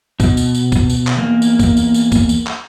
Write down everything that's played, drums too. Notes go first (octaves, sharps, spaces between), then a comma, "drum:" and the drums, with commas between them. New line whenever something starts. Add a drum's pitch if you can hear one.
B2, drum: kick, tambourine
drum: tambourine
drum: tambourine
drum: kick, tambourine
drum: tambourine
drum: clap
E2 A#3
drum: tambourine
drum: kick, tambourine
drum: tambourine
drum: tambourine
drum: kick, tambourine
drum: tambourine
drum: clap